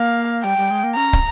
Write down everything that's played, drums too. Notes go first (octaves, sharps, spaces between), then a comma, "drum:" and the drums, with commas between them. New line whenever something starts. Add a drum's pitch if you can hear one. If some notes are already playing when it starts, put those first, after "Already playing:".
Already playing: A#3 F5
G3 G5, drum: hi-hat
G3
G#3
A#3
C#4 A#5
drum: kick, hi-hat